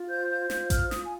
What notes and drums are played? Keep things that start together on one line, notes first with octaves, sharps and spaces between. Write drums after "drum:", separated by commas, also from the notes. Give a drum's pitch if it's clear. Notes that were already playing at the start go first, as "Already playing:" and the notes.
Already playing: F4
C5 G6
G6
F4 G6, drum: snare
F6, drum: kick A1, hi-hat
F4 D#6, drum: snare
G#5